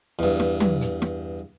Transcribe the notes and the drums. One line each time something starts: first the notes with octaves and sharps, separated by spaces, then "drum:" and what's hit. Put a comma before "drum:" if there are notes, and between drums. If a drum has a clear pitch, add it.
E2 G2
drum: snare
drum: tom
drum: hi-hat
drum: snare